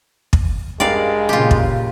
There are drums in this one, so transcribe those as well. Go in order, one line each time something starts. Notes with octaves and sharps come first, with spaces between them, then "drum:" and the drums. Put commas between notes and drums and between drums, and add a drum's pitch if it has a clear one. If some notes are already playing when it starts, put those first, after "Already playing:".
drum: kick
G2 G#3 A#4 D5 F5 G5
A#2 C#3 F4 G4
drum: kick